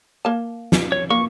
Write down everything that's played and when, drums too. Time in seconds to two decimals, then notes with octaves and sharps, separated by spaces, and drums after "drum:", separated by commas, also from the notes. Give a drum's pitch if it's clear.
0.25 A#3 A5
0.72 drum: snare
0.92 C#5
1.10 A#3 C#6